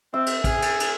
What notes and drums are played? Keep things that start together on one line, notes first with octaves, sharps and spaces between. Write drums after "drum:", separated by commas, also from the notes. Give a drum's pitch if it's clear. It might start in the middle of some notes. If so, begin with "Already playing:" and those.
C4 E5
drum: cymbal
G#4, drum: kick A1, cymbal
drum: cymbal
drum: cymbal